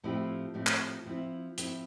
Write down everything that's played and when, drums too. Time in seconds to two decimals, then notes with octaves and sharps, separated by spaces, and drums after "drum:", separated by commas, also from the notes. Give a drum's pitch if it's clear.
0.04 A2 F3 C4 E4 G4
0.54 A2 F3 C4 E4 G4
0.67 drum: clap
1.06 F3 C4 E4
1.58 F3 C4 E4, drum: hi-hat